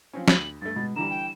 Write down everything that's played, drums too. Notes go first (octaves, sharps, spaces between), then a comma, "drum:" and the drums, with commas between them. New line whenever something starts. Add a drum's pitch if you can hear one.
F3 C4 C#4
D2 B5 F#7, drum: snare
G2 A3 A6
B2 G#3
D3 E3 G3 A#5 E7
G5